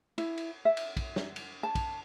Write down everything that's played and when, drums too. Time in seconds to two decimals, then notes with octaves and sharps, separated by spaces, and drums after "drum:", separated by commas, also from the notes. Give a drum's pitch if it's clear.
0.18 E4, drum: cymbal
0.37 drum: cymbal
0.65 E5
0.77 drum: cymbal
0.97 drum: kick, cymbal
1.16 drum: snare
1.36 drum: cymbal
1.63 A5
1.75 drum: kick, cymbal